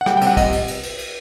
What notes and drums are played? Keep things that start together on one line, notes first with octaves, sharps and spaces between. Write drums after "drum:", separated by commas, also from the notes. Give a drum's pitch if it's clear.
F#5
G3 G5, drum: rim click
G5
C3, drum: cymbal
F#5
C3 D#5, drum: kick, cymbal
drum: cymbal
drum: cymbal
drum: cymbal
drum: cymbal